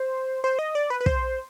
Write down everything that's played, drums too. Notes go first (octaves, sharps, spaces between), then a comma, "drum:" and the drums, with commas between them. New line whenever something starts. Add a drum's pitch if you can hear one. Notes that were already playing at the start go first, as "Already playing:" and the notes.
Already playing: C5
C5
D#5
D5
B4
B4
C5, drum: kick